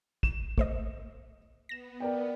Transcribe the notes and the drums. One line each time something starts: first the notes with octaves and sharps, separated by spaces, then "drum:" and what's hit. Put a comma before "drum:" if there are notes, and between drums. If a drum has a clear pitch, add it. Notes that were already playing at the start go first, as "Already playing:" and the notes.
E7, drum: kick
A3 C5 D#5, drum: kick
B3 A#6 E7
A#4 D5 G5